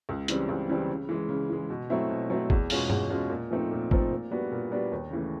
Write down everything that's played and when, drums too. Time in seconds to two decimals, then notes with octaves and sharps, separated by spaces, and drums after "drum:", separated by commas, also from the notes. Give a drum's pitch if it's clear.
0.09 C#2
0.28 C#3 E3 G3 C4, drum: hi-hat
0.49 C#2
0.68 C#3 E3 G3 C4
0.88 C#3
1.09 E3 G#3
1.29 C#3
1.50 E3 G#3
1.70 B2
1.90 F#3 A3 C4 E4
2.09 B2
2.30 F#3 A3 C4 E4
2.50 E2, drum: kick
2.70 B2 G#3 C#4 F4, drum: open hi-hat
2.90 E2, drum: tom G2
3.10 B2 G#3 C#4 F4
3.30 A#2
3.51 F3 A3 C4 D#4
3.71 A#2
3.91 F3 A3 C4 D#4, drum: kick
4.11 A#2
4.31 G3 B3 D4 F#4
4.52 A#2
4.71 G3 B3 D4 F#4
4.92 D#2
5.11 C#3 E3 A3